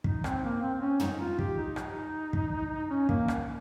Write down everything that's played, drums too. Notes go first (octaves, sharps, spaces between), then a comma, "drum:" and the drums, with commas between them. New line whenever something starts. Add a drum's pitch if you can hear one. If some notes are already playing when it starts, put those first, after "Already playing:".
D#4, drum: kick
C4, drum: rim click
A#3
C4
C4
C#4
D#4, drum: tom
F4
G4, drum: kick
D#4
drum: rim click
drum: kick
C#4
A#3, drum: kick
drum: rim click